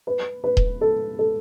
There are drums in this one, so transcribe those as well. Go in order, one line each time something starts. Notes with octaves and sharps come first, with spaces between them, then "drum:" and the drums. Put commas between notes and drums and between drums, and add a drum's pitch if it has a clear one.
B4
B4
drum: kick D#1
A4
A4